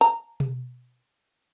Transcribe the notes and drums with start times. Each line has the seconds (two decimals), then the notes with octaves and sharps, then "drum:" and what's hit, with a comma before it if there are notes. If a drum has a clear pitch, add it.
0.01 A#5
0.40 drum: tom B2